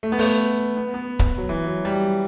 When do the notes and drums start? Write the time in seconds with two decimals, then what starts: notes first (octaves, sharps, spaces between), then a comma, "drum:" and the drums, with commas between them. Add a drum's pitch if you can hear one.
0.03 A3
0.12 B3
0.19 A3, drum: open hi-hat
0.77 B3
0.94 B3
1.19 drum: kick C#1
1.38 F#3
1.49 E3
1.67 F#3
1.85 G3